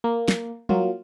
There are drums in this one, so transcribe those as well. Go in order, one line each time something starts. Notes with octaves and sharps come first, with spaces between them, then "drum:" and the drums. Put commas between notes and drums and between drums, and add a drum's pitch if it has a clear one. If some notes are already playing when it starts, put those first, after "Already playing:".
A#3
drum: snare
F#3 A#3 F4, drum: tom